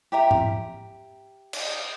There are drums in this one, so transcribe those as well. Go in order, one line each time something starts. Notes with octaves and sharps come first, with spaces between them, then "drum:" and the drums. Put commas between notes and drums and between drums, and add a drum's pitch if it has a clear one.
G4 E5 A#5
drum: tom G#2
drum: cymbal